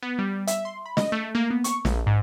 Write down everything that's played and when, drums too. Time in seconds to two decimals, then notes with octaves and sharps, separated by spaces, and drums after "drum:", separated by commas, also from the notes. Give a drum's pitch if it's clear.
0.03 B3
0.19 G3
0.47 E5, drum: hi-hat
0.65 C6
0.86 B5
0.97 D#5, drum: snare
1.12 A3
1.35 A#3
1.50 B3
1.64 C#6, drum: hi-hat
1.85 A#1, drum: snare
2.07 G#2